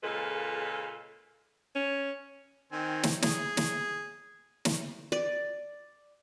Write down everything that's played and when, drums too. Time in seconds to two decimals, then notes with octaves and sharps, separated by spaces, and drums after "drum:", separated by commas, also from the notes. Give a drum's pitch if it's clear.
0.04 A#2 C#3 G#3 F4 A4 B4
1.75 C#4
2.72 D#3 C4 G#5
3.03 drum: snare
3.22 G#4, drum: snare
3.57 drum: snare
4.65 drum: snare
5.12 D5